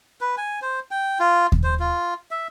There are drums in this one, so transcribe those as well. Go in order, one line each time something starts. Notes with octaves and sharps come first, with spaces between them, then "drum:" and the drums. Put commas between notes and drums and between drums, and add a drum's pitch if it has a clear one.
B4
G#5
C5
G5
F4
drum: kick D#2
C5
F4
E5